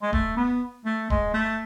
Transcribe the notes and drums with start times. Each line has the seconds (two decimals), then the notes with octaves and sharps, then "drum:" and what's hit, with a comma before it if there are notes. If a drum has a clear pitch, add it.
0.02 G#3
0.13 A3, drum: kick D1
0.37 B3
0.86 A3
1.10 G#3, drum: kick D1
1.34 A3